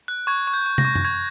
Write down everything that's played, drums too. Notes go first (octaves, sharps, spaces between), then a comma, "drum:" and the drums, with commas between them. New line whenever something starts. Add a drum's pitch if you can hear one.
F#6
C#6 G#6
C#6
G6
C#6
A#6, drum: tom
C#6
drum: tom F#2
C#6 G#6